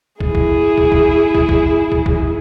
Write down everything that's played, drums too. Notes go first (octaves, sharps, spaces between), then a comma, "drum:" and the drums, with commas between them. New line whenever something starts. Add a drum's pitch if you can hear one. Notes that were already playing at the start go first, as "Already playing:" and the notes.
E4 G#4, drum: kick
drum: kick
drum: kick
drum: kick
drum: kick
drum: kick
drum: kick
drum: kick